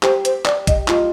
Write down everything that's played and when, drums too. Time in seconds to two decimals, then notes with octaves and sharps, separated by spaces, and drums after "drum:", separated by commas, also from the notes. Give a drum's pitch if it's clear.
0.03 G4 C5, drum: clap
0.25 C5, drum: hi-hat
0.45 D5, drum: clap
0.67 D#5, drum: kick A1, hi-hat
0.88 F4 D#5, drum: clap